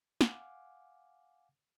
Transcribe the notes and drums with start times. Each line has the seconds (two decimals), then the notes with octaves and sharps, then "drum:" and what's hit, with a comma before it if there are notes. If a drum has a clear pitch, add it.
0.21 F5 F#5 G#5 D6 F6, drum: snare